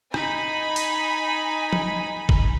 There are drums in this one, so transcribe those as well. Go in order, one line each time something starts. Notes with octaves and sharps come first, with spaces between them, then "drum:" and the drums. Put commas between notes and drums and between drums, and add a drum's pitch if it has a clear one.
D#4 G#5 B5, drum: rim click
drum: open hi-hat
drum: tom
drum: kick